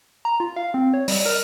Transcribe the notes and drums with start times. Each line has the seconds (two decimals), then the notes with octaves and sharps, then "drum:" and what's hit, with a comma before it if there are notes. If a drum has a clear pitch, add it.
0.25 A#5
0.40 F4
0.56 F5
0.74 C4
0.94 C#5
1.08 G3, drum: open hi-hat
1.26 A#4